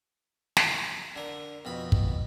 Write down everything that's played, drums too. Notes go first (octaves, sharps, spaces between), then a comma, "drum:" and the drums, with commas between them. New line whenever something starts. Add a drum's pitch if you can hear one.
drum: snare
D3 A#4
F2 B2 B5
drum: kick